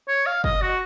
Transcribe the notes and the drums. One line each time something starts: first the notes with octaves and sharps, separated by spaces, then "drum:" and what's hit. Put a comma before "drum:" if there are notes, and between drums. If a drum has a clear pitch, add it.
C#5
F5
D#5, drum: kick
F#4